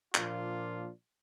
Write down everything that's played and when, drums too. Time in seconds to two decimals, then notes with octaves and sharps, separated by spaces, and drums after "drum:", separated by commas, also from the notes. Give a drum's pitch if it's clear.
0.15 A#2 F3 A#3 D4 F4, drum: clap